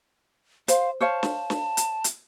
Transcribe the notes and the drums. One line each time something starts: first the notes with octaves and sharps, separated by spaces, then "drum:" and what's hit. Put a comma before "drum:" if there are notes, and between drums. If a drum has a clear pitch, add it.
C5 F5, drum: hi-hat
C5 C#5 F5 A5
drum: snare
drum: snare
drum: hi-hat
drum: hi-hat